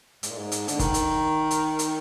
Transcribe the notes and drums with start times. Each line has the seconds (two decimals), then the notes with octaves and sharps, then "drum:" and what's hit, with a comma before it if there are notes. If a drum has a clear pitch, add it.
0.23 G#2, drum: hi-hat
0.30 A#2
0.38 G#2
0.52 drum: hi-hat
0.68 D3, drum: hi-hat
0.79 D#3, drum: kick G1, hi-hat
0.94 drum: hi-hat
1.51 drum: hi-hat
1.79 drum: hi-hat